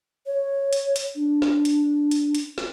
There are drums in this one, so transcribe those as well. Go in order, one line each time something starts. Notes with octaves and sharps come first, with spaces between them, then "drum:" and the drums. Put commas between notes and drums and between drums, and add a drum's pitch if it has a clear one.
C#5
drum: hi-hat
drum: hi-hat
D4
drum: snare
drum: hi-hat
drum: hi-hat
drum: hi-hat
drum: snare